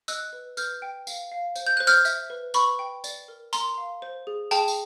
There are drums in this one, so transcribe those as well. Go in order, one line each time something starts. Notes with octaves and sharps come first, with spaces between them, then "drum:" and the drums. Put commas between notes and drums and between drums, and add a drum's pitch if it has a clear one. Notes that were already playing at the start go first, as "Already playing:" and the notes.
D#5 E6 F#6, drum: tambourine
B4
B4 F6 G6, drum: tambourine
G5
F5, drum: tambourine
F5
C5, drum: tambourine
G6
C5 F#6
F6 G6, drum: tambourine
E5, drum: tambourine
B4
B4 B5 C#6, drum: tambourine
G5
D5, drum: tambourine
A#4
A#4 A#5 C6, drum: tambourine
F5
C5
G#4
G#4 G5 A5, drum: tambourine
drum: tambourine